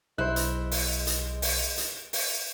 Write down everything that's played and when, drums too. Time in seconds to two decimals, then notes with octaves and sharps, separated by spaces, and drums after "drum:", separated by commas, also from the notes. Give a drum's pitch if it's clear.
0.18 B1 G#3 E4 C5 F#6
0.36 drum: hi-hat
0.71 drum: open hi-hat
1.07 drum: hi-hat
1.42 drum: open hi-hat
1.78 drum: hi-hat
2.13 drum: open hi-hat